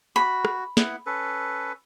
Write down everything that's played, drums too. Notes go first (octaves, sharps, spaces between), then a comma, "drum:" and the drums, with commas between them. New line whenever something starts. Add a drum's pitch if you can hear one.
F#4 B5
drum: rim click
B3 E4 F#5, drum: snare
C#4 A4 B4